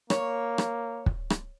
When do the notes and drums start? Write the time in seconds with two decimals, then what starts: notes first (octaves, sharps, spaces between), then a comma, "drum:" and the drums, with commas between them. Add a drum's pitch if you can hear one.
0.10 A#3 C#5, drum: rim click
0.58 drum: rim click
1.06 drum: kick
1.30 drum: rim click